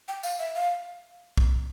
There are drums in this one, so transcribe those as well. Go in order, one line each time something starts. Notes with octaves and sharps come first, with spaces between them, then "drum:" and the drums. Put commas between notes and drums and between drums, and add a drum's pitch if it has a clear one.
G5
F5, drum: tambourine
E5
F5
drum: kick